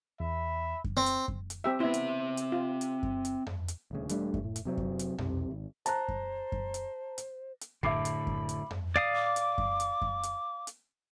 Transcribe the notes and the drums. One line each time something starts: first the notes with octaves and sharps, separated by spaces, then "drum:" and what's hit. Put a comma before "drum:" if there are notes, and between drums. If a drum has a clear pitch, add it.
E2 E5 B5
drum: kick F#2
C4
drum: hi-hat
drum: kick F#2
drum: hi-hat
C4 G4 E5
B3 C4 E4 E5
drum: hi-hat
drum: hi-hat
F4
drum: hi-hat
drum: kick F#2
drum: hi-hat
drum: tom F2
drum: hi-hat
D#1 D2 C#3
E1 G3 A3 D4, drum: hi-hat
drum: kick F#2
A2
drum: hi-hat
C3 F#3 C4
drum: kick F#2
drum: hi-hat
B1 C3, drum: tom F2
G#1
C5 A5 A#5 F#6, drum: hi-hat
drum: kick F#2
drum: kick F#2
drum: hi-hat
drum: hi-hat
drum: hi-hat
A2 D3 E5 B5 D6 C7, drum: kick F#2
drum: hi-hat
drum: kick F#2
drum: hi-hat
drum: tom F2
D5 F5 D#6
D6
drum: hi-hat
drum: kick F#2
drum: hi-hat
drum: kick F#2
drum: hi-hat
drum: hi-hat